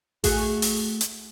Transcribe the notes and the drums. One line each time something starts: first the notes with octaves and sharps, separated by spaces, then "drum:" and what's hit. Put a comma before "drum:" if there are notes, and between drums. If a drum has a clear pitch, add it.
A3 F#4 G#4, drum: kick A1, open hi-hat
drum: open hi-hat
drum: hi-hat